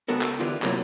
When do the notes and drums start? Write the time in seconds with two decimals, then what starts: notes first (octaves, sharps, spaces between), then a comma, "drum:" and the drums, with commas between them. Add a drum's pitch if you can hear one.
0.08 C#2 G#3 B3 F#4 A4 A#4
0.21 drum: clap
0.39 D3 E3 B3 F4 G4
0.62 F#2 A2 C3 F#3 A#3, drum: clap